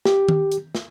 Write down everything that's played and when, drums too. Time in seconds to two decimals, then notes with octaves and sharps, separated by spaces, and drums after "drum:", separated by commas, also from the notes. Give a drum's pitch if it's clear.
0.05 G4, drum: snare
0.29 drum: tom D#3
0.52 drum: hi-hat
0.75 drum: snare